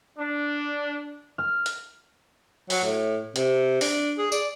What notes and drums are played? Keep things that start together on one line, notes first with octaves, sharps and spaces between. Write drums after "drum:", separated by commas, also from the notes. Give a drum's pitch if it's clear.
D4
F6
drum: hi-hat
F#3, drum: open hi-hat
A2
C3, drum: hi-hat
D4, drum: open hi-hat
G#4
D5, drum: tambourine